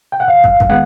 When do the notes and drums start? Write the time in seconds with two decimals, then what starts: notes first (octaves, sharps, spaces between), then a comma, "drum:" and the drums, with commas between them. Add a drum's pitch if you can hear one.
0.12 G5
0.20 F#5
0.28 D#2 F5
0.44 drum: kick
0.60 drum: kick
0.69 D#3 G#3 B3 F#5